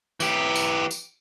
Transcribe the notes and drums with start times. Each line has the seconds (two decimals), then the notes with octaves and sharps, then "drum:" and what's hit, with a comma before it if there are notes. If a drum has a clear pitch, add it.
0.20 E3 G4, drum: tambourine
0.55 drum: tambourine
0.91 drum: tambourine